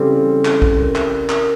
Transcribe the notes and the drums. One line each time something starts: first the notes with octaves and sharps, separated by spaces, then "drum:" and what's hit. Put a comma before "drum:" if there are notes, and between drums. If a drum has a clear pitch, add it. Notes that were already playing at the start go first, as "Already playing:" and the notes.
Already playing: C#3 E3 G3 C4 A4
drum: clap
drum: kick
A#4
drum: clap
A#4, drum: clap